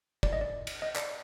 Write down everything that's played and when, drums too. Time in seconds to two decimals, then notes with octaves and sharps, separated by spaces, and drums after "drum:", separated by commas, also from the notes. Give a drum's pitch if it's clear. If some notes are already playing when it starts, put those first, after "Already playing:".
0.23 D5, drum: kick
0.33 D#5
0.41 D5
0.67 drum: cymbal
0.82 D#5
0.96 D5, drum: clap